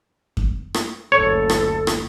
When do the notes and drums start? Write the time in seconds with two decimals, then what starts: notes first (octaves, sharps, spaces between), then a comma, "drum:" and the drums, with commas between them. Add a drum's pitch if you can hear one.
0.37 drum: kick F#2
0.74 drum: rim click
1.12 F#1 D2 A4 C#5
1.50 drum: rim click
1.87 drum: rim click